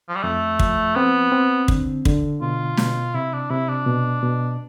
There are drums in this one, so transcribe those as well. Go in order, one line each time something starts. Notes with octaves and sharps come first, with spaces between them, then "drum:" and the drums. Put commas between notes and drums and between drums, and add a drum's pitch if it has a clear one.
F3
G3
F2 A3
F3, drum: kick
B3 C4
C4
D3, drum: kick
D3, drum: kick
B2 F4
B2, drum: snare
C3 E4
D4
C3 E4
D4
B2
B2